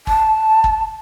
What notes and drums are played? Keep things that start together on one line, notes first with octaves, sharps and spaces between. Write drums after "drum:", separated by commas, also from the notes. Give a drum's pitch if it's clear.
A5, drum: kick
drum: kick